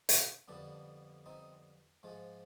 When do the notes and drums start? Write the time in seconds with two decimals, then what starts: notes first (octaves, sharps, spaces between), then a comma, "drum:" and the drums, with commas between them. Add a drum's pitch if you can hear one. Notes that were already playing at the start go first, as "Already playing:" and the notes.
0.09 C4, drum: hi-hat
0.48 F2 D3 G3 B3 D4
1.26 C4 D#4
2.03 G#2 F3 G#3